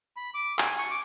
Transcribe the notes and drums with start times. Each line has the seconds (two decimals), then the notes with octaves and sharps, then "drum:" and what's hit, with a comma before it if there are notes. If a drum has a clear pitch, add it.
0.17 B5
0.34 D6
0.59 G#5, drum: clap
0.78 C#6
0.91 D6